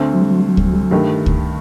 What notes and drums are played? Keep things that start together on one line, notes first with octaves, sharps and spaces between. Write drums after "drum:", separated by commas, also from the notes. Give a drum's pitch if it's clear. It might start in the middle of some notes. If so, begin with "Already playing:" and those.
Already playing: D2 D3 A3 C4
F#3
G3
F#3
G3
F#3
G3, drum: kick C#2
F#3
G3
F#3
G2 D#3 A3
drum: kick C#2